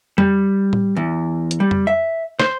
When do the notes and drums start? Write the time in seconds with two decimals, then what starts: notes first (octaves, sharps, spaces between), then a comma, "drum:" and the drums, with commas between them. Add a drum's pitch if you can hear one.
0.18 G3, drum: tom F2
0.73 drum: tom A2
0.96 E2
1.51 drum: hi-hat
1.60 G3
1.71 drum: tom F2
1.87 E5
2.40 C5, drum: snare